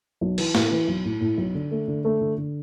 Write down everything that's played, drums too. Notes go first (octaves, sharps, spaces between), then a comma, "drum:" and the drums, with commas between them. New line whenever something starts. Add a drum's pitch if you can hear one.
B1
E3, drum: cymbal
A2, drum: snare
E3
B1
A2
A2
B1
D3
A3
D3
A3
D3
D3